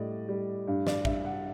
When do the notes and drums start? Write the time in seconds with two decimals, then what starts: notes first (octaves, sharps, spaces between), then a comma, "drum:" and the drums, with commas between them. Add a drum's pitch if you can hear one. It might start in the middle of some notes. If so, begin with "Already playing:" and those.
Already playing: A2 G3 D5 D#5
0.28 G3
0.67 G2
0.87 D5, drum: snare
1.05 G2 E5, drum: kick
1.25 F#5